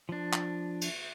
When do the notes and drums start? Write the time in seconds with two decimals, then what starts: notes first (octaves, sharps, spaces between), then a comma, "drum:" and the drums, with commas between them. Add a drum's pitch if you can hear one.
0.09 F3 D4
0.33 drum: clap
0.81 drum: cymbal